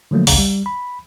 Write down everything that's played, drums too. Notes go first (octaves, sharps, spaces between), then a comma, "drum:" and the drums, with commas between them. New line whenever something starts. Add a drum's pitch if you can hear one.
D3 F3 F#3 A3 A#3
A1 D2 C#3, drum: open hi-hat
G3
B5